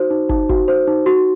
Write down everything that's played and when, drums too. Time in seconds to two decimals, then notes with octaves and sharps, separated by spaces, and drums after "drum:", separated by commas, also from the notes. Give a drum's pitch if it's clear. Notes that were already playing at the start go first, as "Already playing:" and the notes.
Already playing: D#4 F#4 C5
0.11 D#4
0.29 D#4, drum: kick
0.49 F#4, drum: kick
0.68 C5
0.87 D#4
1.06 F#4